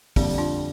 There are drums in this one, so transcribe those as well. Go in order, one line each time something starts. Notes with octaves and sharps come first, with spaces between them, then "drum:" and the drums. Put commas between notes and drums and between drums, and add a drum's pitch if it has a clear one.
F2 D3 G3 A#3 D4, drum: kick, open hi-hat
D4 F4